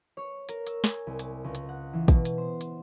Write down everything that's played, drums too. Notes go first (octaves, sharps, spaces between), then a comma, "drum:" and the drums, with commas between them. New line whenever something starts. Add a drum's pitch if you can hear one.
C#5
A#4, drum: hi-hat
E6, drum: hi-hat
G#5, drum: snare
C2
drum: hi-hat
C#2
drum: hi-hat
F#5
E3
B2, drum: kick, hi-hat
drum: hi-hat
C5
drum: hi-hat